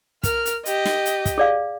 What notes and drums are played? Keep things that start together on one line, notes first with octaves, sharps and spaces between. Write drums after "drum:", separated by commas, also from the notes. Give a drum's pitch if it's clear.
A#4 F6, drum: kick, hi-hat
drum: hi-hat
G4 D#5, drum: hi-hat
drum: snare
drum: hi-hat
drum: kick, hi-hat
G#4 D5 F5